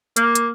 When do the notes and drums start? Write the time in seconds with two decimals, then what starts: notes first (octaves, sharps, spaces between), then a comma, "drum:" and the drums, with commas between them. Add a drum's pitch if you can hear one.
0.16 A#3, drum: hi-hat
0.35 drum: hi-hat